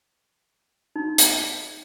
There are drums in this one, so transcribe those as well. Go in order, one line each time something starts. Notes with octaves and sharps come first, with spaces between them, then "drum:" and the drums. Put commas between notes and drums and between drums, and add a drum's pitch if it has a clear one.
D#4
drum: hi-hat